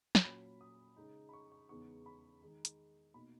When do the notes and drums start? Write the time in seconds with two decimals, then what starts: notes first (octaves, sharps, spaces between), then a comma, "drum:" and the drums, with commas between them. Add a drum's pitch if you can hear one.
0.15 drum: snare
0.24 A#2 F#3 C#4 B5
0.61 D#6
0.97 C#3 G#3 D#4
1.29 B5
1.33 C#6
1.52 C#6
1.69 E2 C#3 G#3 B3 D#4 C#6
2.06 B5
2.42 D#3 G#3 D#4
2.65 drum: hi-hat
3.14 B2 A#3 D#4 B5